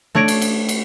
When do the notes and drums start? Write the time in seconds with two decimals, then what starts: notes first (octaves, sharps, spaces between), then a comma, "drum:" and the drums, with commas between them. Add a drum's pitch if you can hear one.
0.15 A3 D4 C#5 A#6 D7
0.28 drum: cymbal
0.42 drum: cymbal
0.69 drum: cymbal